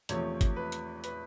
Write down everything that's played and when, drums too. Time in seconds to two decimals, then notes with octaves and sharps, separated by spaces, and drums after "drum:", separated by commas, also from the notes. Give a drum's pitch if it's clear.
0.09 E2 C3 F3 A3 C#5, drum: hi-hat
0.41 drum: kick G1, hi-hat
0.56 B4
0.72 drum: hi-hat
1.04 B4, drum: hi-hat